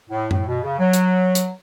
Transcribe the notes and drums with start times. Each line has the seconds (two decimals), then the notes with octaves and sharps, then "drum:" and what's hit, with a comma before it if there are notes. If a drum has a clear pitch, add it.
0.09 A2
0.31 A2, drum: tom F#2
0.46 B2
0.62 C#3
0.78 F#3
0.93 drum: hi-hat
1.35 drum: hi-hat